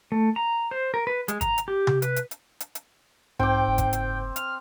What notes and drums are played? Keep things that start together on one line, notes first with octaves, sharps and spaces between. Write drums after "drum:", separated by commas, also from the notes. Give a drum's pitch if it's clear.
A3
A#5
C5
A#4
B4
G#3, drum: hi-hat
A#5, drum: kick, hi-hat
drum: hi-hat
G4
drum: tom C3
B4, drum: hi-hat
drum: hi-hat
drum: hi-hat
drum: hi-hat
drum: hi-hat
B1 G#2 C4 G5 D6
F#1
drum: kick, hi-hat
drum: hi-hat
F6, drum: hi-hat